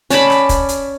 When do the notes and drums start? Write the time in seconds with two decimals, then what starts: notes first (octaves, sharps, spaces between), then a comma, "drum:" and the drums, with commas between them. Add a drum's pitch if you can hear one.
0.10 C#4 D5 A5 B5, drum: hi-hat
0.30 drum: rim click
0.49 drum: kick, hi-hat
0.69 drum: hi-hat